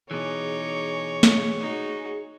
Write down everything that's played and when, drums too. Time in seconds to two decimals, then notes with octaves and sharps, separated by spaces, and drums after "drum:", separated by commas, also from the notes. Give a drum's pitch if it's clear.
0.11 B2 E3 D#4 G#4 C#5 D6
1.23 drum: snare
1.61 D#4 F#4